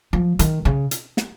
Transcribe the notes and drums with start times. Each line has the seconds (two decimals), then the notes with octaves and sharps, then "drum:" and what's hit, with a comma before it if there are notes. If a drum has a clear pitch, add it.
0.13 F3
0.39 D#3, drum: hi-hat
0.65 C#3
0.91 drum: hi-hat
1.17 drum: snare